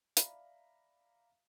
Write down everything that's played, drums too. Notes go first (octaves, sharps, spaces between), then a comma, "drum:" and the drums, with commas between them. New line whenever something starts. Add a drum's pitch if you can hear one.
D5 E5 F5 A#5 B5, drum: hi-hat